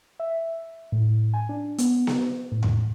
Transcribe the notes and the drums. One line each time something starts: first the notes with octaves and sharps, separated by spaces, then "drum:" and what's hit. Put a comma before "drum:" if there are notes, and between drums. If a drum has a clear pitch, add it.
E5
A2
G#5
D4
B3, drum: hi-hat
drum: snare B3
A2
drum: tom E2